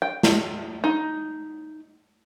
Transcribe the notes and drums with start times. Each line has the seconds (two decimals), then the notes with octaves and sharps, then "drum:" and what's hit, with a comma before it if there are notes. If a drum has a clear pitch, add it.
0.02 G5
0.23 drum: snare
0.84 D#4